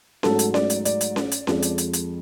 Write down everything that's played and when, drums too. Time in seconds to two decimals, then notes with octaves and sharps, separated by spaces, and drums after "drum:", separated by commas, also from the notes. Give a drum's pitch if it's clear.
0.23 G#2 F#3 A3 A4, drum: snare C#4
0.39 drum: hi-hat
0.54 D5, drum: snare C#4
0.70 drum: hi-hat
0.85 D5, drum: hi-hat
1.01 drum: hi-hat
1.16 drum: snare C#4
1.31 drum: hi-hat
1.47 F2 F3 G#3, drum: snare C#4
1.62 drum: hi-hat
1.78 drum: hi-hat
1.93 drum: hi-hat